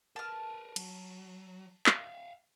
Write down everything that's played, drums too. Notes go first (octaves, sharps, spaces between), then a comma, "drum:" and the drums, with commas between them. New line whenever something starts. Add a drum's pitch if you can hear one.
A#4 B4 A5 F6
F#3, drum: cymbal
E5 F5, drum: clap